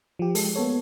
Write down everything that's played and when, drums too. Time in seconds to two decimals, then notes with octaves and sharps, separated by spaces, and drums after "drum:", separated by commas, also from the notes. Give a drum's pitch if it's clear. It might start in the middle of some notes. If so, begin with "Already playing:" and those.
0.19 F3 G4
0.35 G#3 A4, drum: open hi-hat
0.56 A#3 B3 A4 C#5